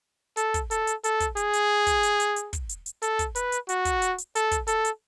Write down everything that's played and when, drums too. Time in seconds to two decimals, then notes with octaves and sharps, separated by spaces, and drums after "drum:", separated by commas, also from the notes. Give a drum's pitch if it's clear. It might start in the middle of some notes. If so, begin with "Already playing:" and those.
0.37 A4, drum: hi-hat
0.54 drum: kick, hi-hat
0.71 A4, drum: hi-hat
0.87 drum: hi-hat
1.04 A4, drum: hi-hat
1.20 drum: kick, hi-hat
1.37 G#4, drum: hi-hat
1.53 drum: hi-hat
1.87 drum: kick, hi-hat
2.03 drum: hi-hat
2.20 drum: hi-hat
2.36 drum: hi-hat
2.53 drum: kick, hi-hat
2.69 drum: hi-hat
2.86 drum: hi-hat
3.02 A4, drum: hi-hat
3.19 drum: kick, hi-hat
3.35 B4, drum: hi-hat
3.52 drum: hi-hat
3.69 F#4, drum: hi-hat
3.85 drum: kick, hi-hat
4.02 drum: hi-hat
4.18 drum: hi-hat
4.35 A4, drum: hi-hat
4.51 drum: kick, hi-hat
4.67 A4, drum: hi-hat
4.85 drum: hi-hat